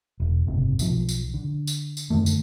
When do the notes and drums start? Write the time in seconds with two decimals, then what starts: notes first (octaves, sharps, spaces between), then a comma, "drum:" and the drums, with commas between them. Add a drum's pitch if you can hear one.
0.20 E1
0.47 F#1 G#2 C3
0.79 B1 F3, drum: tambourine
1.09 drum: tambourine
1.34 D3
1.67 drum: tambourine
1.97 drum: tambourine
2.10 F#2 D3 D#3 A3
2.26 drum: tambourine